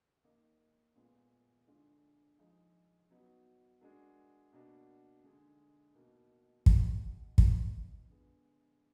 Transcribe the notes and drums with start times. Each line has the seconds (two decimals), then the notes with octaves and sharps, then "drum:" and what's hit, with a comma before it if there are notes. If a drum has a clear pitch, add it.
0.24 D#3 A#3 D#4
0.95 A#2 G#3 B3 F4 A#4
1.67 D3 G#3 D4 F4
2.38 F3 G#3 D#4
3.10 F#3 B3 D#4 F#4
3.81 G#3 D4 F#4 A#4
4.53 B2 A#3 D4 F#4
5.24 D3 G#3 D#4
5.95 B2 A#3 D#4 A#4
6.66 B2 G#3 D#4 F#4, drum: kick
7.38 A#2 F3 B3 D#4, drum: kick
8.09 D3 G#3 B3